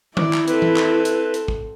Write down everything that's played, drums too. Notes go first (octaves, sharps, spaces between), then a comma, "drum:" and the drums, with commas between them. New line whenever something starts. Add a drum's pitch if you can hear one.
E4 D5, drum: tom D#3
drum: clap
C4 A4 B4, drum: hi-hat
drum: tom E3
drum: clap
drum: hi-hat
drum: hi-hat
drum: kick